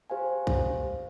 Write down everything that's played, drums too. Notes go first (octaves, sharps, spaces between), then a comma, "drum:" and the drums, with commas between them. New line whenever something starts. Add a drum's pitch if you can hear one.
G4 C5 F5 G#5
drum: kick